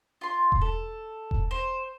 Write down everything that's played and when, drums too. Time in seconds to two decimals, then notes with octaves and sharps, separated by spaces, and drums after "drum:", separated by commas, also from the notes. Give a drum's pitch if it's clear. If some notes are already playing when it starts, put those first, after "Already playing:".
0.21 F4 C6
0.52 drum: kick E1
0.61 A4
1.31 drum: kick E1
1.51 C5